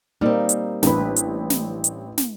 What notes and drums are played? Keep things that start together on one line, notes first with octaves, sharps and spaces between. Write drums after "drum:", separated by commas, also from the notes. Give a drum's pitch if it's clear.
G3 A#3 C4 D#4
drum: hi-hat
A1 D4 B4 B5, drum: snare
drum: hi-hat
drum: snare
drum: hi-hat
drum: snare